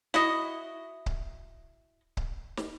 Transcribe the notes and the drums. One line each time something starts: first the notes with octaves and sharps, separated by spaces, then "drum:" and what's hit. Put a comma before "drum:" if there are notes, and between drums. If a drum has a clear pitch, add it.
E4 F#4 D#5, drum: snare
drum: kick C#1
drum: kick C#1
drum: snare